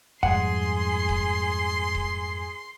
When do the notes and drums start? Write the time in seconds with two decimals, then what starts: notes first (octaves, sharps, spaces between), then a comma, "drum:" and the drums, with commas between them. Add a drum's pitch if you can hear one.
0.23 F2 G#2 G3 G#4 F#5 C6, drum: kick E1
1.09 drum: kick E1
1.95 drum: kick E1